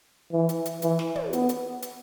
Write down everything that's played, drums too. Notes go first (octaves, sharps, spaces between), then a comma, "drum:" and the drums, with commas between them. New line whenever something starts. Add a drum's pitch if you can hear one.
E3
drum: hi-hat
drum: hi-hat
E3, drum: hi-hat
drum: snare
drum: tom
B3, drum: hi-hat
drum: hi-hat
drum: hi-hat